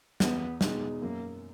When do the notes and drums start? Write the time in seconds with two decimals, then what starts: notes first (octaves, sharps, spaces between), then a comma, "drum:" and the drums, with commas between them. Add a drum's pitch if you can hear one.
0.20 E2 B3, drum: snare
0.61 B2 G#3 D#4, drum: snare
1.02 F#2 A#3